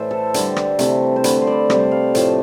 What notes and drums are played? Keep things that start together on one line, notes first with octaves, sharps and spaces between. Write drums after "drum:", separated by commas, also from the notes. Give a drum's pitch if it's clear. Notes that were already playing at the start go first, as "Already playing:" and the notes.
Already playing: A2 E3 A3 C5 D5 E5
A4
D3 G3, drum: hi-hat
drum: rim click
C3 E3 A3, drum: hi-hat
C5
D3 A3 B4, drum: hi-hat
C5
D5
C3 G3, drum: rim click
F5
A2 F3 A3 E5, drum: hi-hat